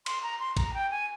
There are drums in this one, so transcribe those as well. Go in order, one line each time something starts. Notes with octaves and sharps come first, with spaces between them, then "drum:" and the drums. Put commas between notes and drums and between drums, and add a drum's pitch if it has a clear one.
C6, drum: cymbal
A#5
C6
A#5, drum: kick, cymbal
G5
G#5